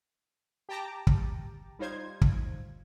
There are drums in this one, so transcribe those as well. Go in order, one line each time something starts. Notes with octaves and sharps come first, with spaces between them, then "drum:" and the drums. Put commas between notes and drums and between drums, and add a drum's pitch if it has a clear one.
G4 G5 A5 A#5 D6
drum: kick
G3 D#4 F4 C5 G#6
drum: kick